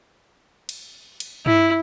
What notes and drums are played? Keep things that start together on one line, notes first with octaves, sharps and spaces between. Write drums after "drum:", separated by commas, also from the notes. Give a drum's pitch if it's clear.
drum: cymbal
drum: cymbal
E4, drum: tom G2